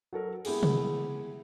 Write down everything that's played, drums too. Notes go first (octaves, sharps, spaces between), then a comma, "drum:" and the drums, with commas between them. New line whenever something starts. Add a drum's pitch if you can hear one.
F#3 A4 A#4
G#3 B3 E4 G4 G#4, drum: cymbal
drum: tom C3